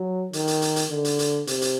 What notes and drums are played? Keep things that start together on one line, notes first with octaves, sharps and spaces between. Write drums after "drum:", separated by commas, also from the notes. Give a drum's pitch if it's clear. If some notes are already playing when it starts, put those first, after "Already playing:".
Already playing: F#3
D#3, drum: hi-hat
drum: hi-hat
drum: hi-hat
drum: hi-hat
D3
drum: hi-hat
drum: hi-hat
C3, drum: hi-hat
drum: hi-hat